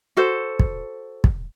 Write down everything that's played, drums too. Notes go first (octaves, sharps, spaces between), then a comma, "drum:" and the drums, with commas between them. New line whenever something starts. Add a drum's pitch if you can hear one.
F#4 A4 C5
drum: kick
drum: kick